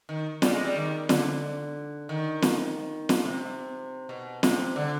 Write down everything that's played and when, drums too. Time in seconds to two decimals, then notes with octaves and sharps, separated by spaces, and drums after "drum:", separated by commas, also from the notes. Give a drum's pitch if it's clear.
0.09 D#3
0.42 G3, drum: snare
0.53 G#3
0.65 G3
0.76 D#3
1.09 D3, drum: snare
2.09 D#3
2.42 drum: snare
3.09 drum: snare
3.25 C3
4.09 B2
4.43 C3, drum: snare
4.76 D3